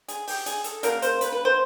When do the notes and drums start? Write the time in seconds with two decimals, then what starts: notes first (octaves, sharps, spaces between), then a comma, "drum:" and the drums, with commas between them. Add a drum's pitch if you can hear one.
0.08 G#4, drum: hi-hat
0.27 G4, drum: open hi-hat
0.46 G#4, drum: hi-hat
0.64 A4, drum: hi-hat
0.83 C#3 F#3 A#3 A#4, drum: hi-hat
1.02 C5, drum: hi-hat
1.21 B4, drum: hi-hat
1.32 B4
1.45 C5